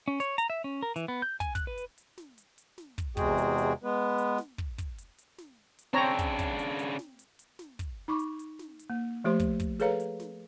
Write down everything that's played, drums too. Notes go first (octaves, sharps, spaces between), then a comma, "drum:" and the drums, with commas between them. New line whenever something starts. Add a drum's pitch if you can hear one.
C#4
C#5, drum: hi-hat
A#5, drum: hi-hat
E5
C#4
A#4
E3, drum: hi-hat
B3
G6
G#5, drum: kick, hi-hat
F#6, drum: kick, hi-hat
B4
drum: hi-hat
drum: hi-hat
drum: snare
drum: hi-hat
drum: hi-hat
drum: snare
drum: kick, hi-hat
E2 C3 G#3 F#4 G#4 G5, drum: kick, hi-hat
drum: hi-hat
drum: hi-hat
G#3 B3 B4
drum: hi-hat
drum: snare
drum: kick
drum: kick, hi-hat
drum: hi-hat
drum: hi-hat
drum: snare
drum: hi-hat
C#3 C4 D4 C#5 A#5
drum: kick, hi-hat
drum: kick, hi-hat
drum: hi-hat
drum: hi-hat
drum: snare
drum: hi-hat
drum: hi-hat
drum: snare
drum: kick, hi-hat
D#4 B5 C#6 D6
drum: hi-hat
drum: hi-hat
drum: snare
drum: hi-hat
A#3
F3 A3 G4 C5 C6
drum: kick, hi-hat
drum: kick, hi-hat
G#4 A4 B4 C#5 F5 A#5, drum: hi-hat
drum: hi-hat
drum: snare